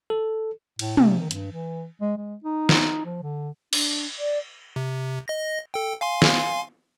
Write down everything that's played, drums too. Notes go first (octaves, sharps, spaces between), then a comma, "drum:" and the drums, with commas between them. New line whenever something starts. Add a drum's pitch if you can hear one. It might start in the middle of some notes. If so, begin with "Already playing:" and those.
A4
A2, drum: cymbal
C3, drum: tom
D#3
G2, drum: hi-hat
E3
G#3
G#3
D#4
drum: snare
F3
D3
D4, drum: cymbal
D5
C3
D#5 A#6
A4 G5
F5 G#5 C6
drum: snare